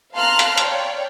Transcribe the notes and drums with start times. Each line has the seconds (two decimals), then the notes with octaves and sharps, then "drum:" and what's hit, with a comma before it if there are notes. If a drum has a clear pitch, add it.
0.14 F5 A5 A#5 C6 F6 F#6
0.39 drum: hi-hat
0.58 C#5 D5 G5, drum: hi-hat